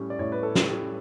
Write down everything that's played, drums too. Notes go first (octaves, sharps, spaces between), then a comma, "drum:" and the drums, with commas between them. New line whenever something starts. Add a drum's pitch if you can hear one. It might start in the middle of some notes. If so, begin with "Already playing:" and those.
Already playing: A2 G3 C#4
D5
A2 C#5
B4
A4
G3 C#4, drum: snare
G4